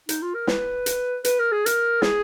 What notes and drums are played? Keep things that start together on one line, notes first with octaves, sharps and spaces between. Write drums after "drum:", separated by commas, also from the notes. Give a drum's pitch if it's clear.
D#4, drum: hi-hat
F4
A#4
B4, drum: snare
drum: hi-hat
B4, drum: hi-hat
A#4
G#4
A#4, drum: hi-hat
G#4, drum: snare